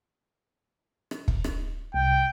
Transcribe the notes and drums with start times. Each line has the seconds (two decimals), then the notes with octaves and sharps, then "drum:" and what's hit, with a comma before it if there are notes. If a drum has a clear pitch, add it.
1.11 drum: rim click
1.28 drum: kick
1.44 drum: rim click
1.94 C2 G5